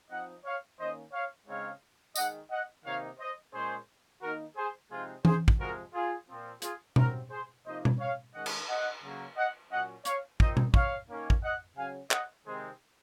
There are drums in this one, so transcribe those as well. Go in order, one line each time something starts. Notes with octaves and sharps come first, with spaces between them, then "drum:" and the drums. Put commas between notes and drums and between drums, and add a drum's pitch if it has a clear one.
F3 C4 D#4 D#5 F#5
C#5 F5
D#3 A#3 C#4 C5 D#5
C#5 F5
C#3 G#3 C4 D#4 C#5 F5
D#3 G#3 D#4 D#5 F#5, drum: tambourine
D#5 F#5
C3 D#3 A#3 D#4 C#5 F5
C5 D#5
A#2 G#3 C#4 G#4 C5
D#3 A#3 D#4 F#4 A#4
G#4 C5
C3 F3 G#3 C4 D#4 F4 G#4
G#4 C5, drum: tom E3
drum: kick
C3 F3 G#3 F#4 A#4
F4 G#4
A#2 F3 C4
F4 G#4, drum: hi-hat
C3 F#3 C4 F#4 A#4, drum: tom B2
G#4 C5
C3 F3 A#3 D#4 C5 D#5
drum: tom B2
C#5 F5
D#3 G#3 C#4 D#5 F#5
drum: cymbal
D#5 F#5
C#3 F#3 A#3
D#5 F#5
A#2 F#3 C#4 D#5 F#5
C#5 F5, drum: hi-hat
A#2 F3 C4 D#4 C5 D#5, drum: kick
drum: tom B2
C#5 F5, drum: kick
D#3 A#3 C#4
drum: kick
D#5 F#5
C#3 F#3 C#4 F5 G#5
D#5 F#5, drum: clap
C3 D#3 G#3 C4 D#4 G#4 C5